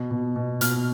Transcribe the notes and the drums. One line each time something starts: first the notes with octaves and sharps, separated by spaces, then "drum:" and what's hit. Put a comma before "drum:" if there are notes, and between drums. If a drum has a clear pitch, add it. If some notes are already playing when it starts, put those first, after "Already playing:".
Already playing: B2
B2
B2
B2 F6, drum: hi-hat